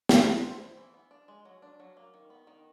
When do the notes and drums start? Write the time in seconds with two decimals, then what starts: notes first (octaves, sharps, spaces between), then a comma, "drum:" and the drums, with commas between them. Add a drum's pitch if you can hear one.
0.09 C#4, drum: snare
0.27 A4
0.44 C5
0.61 E4
0.77 E3
0.94 B3
1.11 D4
1.28 G#3
1.45 F#3
1.62 D4
1.80 F#3
1.97 A#3
2.14 D#3
2.30 B3
2.47 D#3